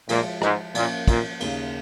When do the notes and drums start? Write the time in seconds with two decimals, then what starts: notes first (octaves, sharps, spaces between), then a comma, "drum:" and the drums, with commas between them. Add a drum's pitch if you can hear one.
0.09 A#2 F3 G#3 F4, drum: cymbal
0.42 G#2, drum: rim click
0.75 A#2 F3 A#3 C#4, drum: cymbal
1.08 A#2, drum: kick, cymbal
1.40 D#2 C#3 A#3, drum: cymbal